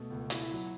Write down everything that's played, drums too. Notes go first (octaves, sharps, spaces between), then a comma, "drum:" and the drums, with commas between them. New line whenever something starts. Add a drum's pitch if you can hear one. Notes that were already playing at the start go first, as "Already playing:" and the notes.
Already playing: B2 A3
C#2
E4, drum: hi-hat
F#3